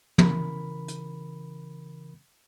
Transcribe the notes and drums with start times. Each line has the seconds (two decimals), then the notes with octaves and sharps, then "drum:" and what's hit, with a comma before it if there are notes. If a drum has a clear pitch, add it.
0.18 C#3 E3 A#4 B5, drum: tom
0.88 drum: hi-hat